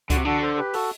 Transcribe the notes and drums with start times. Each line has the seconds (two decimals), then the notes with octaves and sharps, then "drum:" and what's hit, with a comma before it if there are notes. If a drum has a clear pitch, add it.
0.10 D3 F#4, drum: kick C#2, hi-hat
0.17 C3
0.25 D3 F#4 A4
0.42 A4 C5
0.58 G4 B4
0.74 F#4 A4, drum: open hi-hat